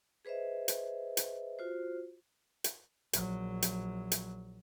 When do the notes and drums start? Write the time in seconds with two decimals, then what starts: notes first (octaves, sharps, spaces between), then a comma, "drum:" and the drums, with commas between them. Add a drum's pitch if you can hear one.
0.25 G#4 B4 C5 D#5 E5
0.68 drum: hi-hat
1.17 drum: hi-hat
1.59 F4 F#4 C5
2.64 drum: hi-hat
3.13 A#1 F#3, drum: hi-hat
3.62 drum: hi-hat
4.12 drum: hi-hat